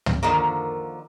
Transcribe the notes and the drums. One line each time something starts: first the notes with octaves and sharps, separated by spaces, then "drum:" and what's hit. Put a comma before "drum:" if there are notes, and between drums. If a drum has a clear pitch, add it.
drum: tom
D3 D#3 F3 A#3